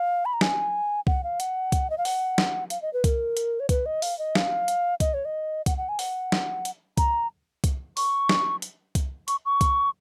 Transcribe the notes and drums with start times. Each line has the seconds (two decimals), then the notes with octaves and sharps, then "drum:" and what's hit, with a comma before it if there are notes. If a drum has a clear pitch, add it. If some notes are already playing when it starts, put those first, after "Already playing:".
Already playing: F5
0.25 B5
0.33 A#5
0.41 G#5, drum: snare
1.07 F#5, drum: kick C2
1.24 F5
1.40 F#5, drum: hi-hat
1.72 drum: kick C2, hi-hat
1.90 D#5
1.98 F5
2.05 F#5, drum: open hi-hat
2.38 drum: snare
2.70 F5, drum: hi-hat
2.82 D#5
2.93 B4
3.04 A#4, drum: kick C2, hi-hat
3.37 drum: hi-hat
3.60 C#5
3.69 B4, drum: kick C2, hi-hat
3.86 D#5
4.02 F5, drum: open hi-hat
4.19 D#5
4.35 F5, drum: snare
4.68 drum: hi-hat
5.00 D#5, drum: kick C2, hi-hat
5.14 C#5
5.25 D#5
5.66 F#5, drum: kick C2, hi-hat
5.77 F#5
5.89 G#5
5.99 F#5, drum: open hi-hat
6.32 drum: snare
6.65 drum: hi-hat
6.97 A#5, drum: kick C2, hi-hat
7.64 drum: kick C2, hi-hat
7.97 C#6, drum: open hi-hat
8.29 drum: snare
8.62 drum: hi-hat
8.95 drum: kick C2, hi-hat
9.28 C#6, drum: hi-hat
9.45 C#6
9.61 drum: kick C2, hi-hat